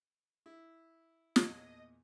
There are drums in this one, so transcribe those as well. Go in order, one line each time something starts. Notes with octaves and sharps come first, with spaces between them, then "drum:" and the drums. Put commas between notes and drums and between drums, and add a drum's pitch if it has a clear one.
E4
E2 A#2 D#5, drum: snare